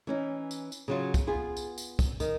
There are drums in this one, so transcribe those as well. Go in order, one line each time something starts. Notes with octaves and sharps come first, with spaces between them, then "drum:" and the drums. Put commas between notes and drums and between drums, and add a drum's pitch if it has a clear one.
E3 C#4 D#4
drum: tambourine
drum: tambourine
C#3 F#3 F4
drum: kick, tambourine
B3 F4 G#4
drum: tambourine
drum: tambourine
drum: kick, tambourine
D#3, drum: tambourine